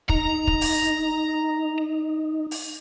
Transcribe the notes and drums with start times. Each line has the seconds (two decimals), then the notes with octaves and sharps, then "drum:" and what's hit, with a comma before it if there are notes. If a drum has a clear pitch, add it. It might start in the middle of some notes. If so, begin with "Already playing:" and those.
0.09 D#4 A#5, drum: kick
0.47 drum: kick
0.61 drum: open hi-hat
2.51 drum: open hi-hat